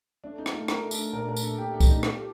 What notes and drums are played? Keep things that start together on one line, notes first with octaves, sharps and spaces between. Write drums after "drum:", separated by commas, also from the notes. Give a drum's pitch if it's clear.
A3 D4
D#4
A3, drum: rim click
F4
D4 A#4, drum: rim click
D4 A4, drum: tambourine
A#2 A#4
A#4
A3, drum: tambourine
A4
A3 G4
G4
A4, drum: kick C2, tambourine
D#4
F4 G4, drum: rim click